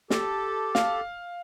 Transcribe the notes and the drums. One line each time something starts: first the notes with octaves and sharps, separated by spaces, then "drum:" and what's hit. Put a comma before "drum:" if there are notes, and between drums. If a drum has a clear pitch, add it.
G4 A4, drum: snare
F5, drum: snare